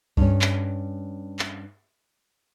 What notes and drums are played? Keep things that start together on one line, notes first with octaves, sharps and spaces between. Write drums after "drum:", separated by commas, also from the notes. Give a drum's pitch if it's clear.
G2 C#4, drum: kick C#2
drum: clap
drum: clap